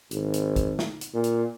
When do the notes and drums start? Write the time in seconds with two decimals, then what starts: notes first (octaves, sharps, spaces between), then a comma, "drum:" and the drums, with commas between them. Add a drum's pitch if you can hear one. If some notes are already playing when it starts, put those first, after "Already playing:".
0.11 G#1, drum: hi-hat
0.34 drum: hi-hat
0.56 drum: kick, hi-hat
0.79 drum: snare
1.01 drum: hi-hat
1.14 A#2
1.24 drum: hi-hat